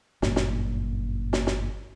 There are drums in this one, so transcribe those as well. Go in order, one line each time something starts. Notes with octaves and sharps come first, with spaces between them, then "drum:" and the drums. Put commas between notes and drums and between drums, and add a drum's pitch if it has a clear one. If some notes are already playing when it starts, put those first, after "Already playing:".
G1 F#2 A#2, drum: snare
drum: snare
drum: snare
drum: snare